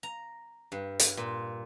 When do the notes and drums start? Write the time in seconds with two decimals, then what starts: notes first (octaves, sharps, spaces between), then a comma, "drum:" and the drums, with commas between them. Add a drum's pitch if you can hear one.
0.03 A#5
0.72 G2
1.00 drum: hi-hat
1.17 A#2